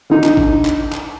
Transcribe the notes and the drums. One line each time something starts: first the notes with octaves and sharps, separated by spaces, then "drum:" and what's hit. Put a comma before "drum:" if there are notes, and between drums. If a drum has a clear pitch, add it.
D3 D#4
drum: clap
drum: kick
drum: clap
drum: clap